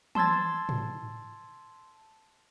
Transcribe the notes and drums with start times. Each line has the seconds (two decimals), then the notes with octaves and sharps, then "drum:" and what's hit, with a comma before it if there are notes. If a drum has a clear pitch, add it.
0.15 A5 C6 E6 G#6 A6, drum: tom E3
0.69 drum: tom G#2